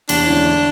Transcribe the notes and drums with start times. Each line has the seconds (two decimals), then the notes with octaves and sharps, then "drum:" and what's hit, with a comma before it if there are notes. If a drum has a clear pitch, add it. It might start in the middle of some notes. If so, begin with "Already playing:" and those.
0.09 E2 D4, drum: cymbal
0.26 D3 G#3 C#4 E4
0.46 D3